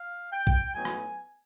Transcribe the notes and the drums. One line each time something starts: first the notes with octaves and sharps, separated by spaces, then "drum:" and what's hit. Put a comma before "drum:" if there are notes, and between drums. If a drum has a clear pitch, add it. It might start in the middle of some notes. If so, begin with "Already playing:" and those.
Already playing: F5
G5
drum: kick A#1
A2 F#3 B3 D#4 G#5
drum: rim click